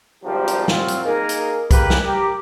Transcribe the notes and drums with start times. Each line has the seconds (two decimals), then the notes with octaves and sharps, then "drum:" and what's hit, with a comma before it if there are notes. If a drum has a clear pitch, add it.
0.24 G#1 C#2 F3 G3 G4 A#4
0.48 drum: hi-hat
0.68 C2 F#3 C4 F4, drum: snare
0.88 drum: hi-hat
1.05 A#3 D#4 G#4 A#4
1.29 drum: hi-hat
1.71 G#3 A#3 G4 A#4 B4, drum: kick B1, hi-hat
1.90 drum: snare
2.06 G4 A#4